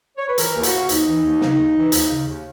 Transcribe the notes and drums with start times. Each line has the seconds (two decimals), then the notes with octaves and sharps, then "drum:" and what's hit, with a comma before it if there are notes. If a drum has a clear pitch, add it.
0.16 C#5
0.27 B4
0.38 E3 A#4, drum: hi-hat
0.54 D#2 E4
0.63 F#4, drum: hi-hat
0.72 C#3
0.89 D#2 D#4, drum: hi-hat
1.06 E3
1.24 D#2
1.41 C#3, drum: snare
1.58 D#2
1.75 E3
1.92 D#2, drum: hi-hat
2.09 C#3
2.26 D#2